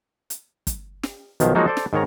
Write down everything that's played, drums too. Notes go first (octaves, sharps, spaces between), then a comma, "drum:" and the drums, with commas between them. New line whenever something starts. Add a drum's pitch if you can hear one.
drum: hi-hat
drum: kick, hi-hat
drum: snare
B1 D#3 F3, drum: hi-hat
F3 F#3 G#3 A#3 D#4 F#4
A4 C5 D5
drum: snare
G#2 D#3 C#5 A#5